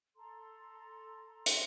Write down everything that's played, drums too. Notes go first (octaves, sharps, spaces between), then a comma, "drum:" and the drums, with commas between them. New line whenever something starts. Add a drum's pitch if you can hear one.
A4 A#5 C6
drum: hi-hat